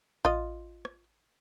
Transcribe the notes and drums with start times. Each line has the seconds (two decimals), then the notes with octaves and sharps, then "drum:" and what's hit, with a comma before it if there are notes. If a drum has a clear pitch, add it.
0.25 F4 D#5, drum: kick A1
0.85 drum: rim click